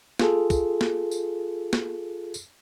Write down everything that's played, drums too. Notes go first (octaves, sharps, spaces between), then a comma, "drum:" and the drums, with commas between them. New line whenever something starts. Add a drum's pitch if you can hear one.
F4 G#4 A4, drum: snare
drum: kick, tambourine
drum: snare
drum: tambourine
drum: snare
drum: tambourine